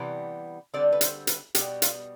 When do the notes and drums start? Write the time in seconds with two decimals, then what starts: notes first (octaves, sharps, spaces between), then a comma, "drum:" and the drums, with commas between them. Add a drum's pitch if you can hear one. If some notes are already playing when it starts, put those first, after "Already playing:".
Already playing: C3 E3 G3 B3
0.74 D3 G3 C4 D5
0.92 B4
1.01 C5, drum: hi-hat
1.27 B4, drum: hi-hat
1.55 B2 G3 B3 G4, drum: hi-hat
1.82 F4, drum: hi-hat